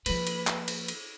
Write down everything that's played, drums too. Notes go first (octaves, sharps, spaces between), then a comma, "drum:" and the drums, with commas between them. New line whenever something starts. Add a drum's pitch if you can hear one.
F3 A#3 B4, drum: cymbal
drum: cymbal
drum: clap
drum: cymbal
drum: cymbal